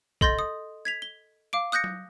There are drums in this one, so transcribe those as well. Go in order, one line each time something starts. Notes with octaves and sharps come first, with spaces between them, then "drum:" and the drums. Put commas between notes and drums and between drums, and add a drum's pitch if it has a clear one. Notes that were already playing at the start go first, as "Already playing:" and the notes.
A4 D#5 C6 G6 A6 A#6, drum: kick
D#6
G#6 B6 F7
G7
F5 D6 D7
D#6 F#6 G6 A#6 C#7
drum: tom F#3